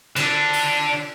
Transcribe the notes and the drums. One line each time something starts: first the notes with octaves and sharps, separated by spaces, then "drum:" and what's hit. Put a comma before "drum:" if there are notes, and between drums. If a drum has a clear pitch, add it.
D3 D4, drum: cymbal
drum: open hi-hat